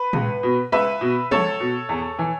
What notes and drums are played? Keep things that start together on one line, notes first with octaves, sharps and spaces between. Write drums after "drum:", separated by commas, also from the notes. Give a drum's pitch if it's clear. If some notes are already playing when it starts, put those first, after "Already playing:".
Already playing: B4
C#2, drum: tom
B2
C#2 B4 E5
B2
C#2 A4 C#5, drum: tom
B2
E2
E3